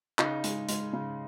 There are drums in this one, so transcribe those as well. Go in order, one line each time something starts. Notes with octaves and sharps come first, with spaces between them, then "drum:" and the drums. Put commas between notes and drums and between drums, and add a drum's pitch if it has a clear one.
C#3 D#4, drum: clap
G#3, drum: hi-hat
G#3, drum: hi-hat
C#3